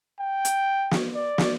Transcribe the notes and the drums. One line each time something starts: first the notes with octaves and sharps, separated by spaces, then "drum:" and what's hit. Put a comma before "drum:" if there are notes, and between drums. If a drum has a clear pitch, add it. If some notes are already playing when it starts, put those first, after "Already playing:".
G5
drum: hi-hat
drum: snare
D5
drum: snare